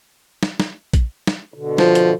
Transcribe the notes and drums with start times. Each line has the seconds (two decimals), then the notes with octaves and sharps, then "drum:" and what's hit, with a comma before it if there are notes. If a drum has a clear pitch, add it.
0.43 drum: snare
0.60 drum: snare
0.94 drum: kick A#1, hi-hat
1.27 drum: snare
1.54 B2 D3
1.78 F3, drum: snare
1.95 drum: hi-hat